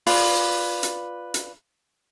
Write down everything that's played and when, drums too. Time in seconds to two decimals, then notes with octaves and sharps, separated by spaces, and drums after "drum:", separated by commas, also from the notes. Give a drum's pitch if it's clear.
0.07 F4 B4 D5 C6, drum: open hi-hat
0.83 drum: hi-hat
1.34 drum: hi-hat